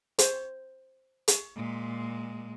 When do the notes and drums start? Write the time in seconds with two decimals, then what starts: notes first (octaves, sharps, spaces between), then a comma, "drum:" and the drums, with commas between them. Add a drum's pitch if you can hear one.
0.19 C5, drum: hi-hat
1.28 drum: hi-hat
1.56 A#2 G#3